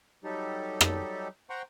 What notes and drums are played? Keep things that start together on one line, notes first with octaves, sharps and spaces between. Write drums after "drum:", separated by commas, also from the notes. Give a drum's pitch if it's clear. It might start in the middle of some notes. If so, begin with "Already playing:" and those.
F#3 G3 D#4 G4 A4
drum: rim click
C5 F#5 G5 A#5 C6 C#6